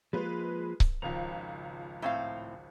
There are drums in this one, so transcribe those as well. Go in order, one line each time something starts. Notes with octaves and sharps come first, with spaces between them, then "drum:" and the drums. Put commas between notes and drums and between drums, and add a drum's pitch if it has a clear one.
F3 G#3 A#3 F4 B4
drum: kick C#1
G#1 C#2 F3 A#5
A2 C4 F5